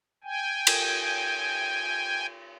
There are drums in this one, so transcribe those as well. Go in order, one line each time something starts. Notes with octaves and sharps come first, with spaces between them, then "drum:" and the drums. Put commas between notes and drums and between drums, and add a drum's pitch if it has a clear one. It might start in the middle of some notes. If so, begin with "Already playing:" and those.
G5 G#5
drum: cymbal